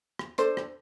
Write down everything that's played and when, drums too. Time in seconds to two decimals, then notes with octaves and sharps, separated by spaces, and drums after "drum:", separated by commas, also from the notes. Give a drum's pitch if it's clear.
0.19 drum: rim click
0.38 D4 A4 C5, drum: hi-hat
0.57 drum: rim click